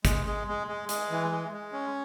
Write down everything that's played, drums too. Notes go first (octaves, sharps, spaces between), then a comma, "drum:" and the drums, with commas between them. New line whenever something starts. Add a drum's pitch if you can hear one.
G#3, drum: kick, hi-hat
G#3
G#3
G#3
G#3, drum: hi-hat
E3
G#3
G#3
C#4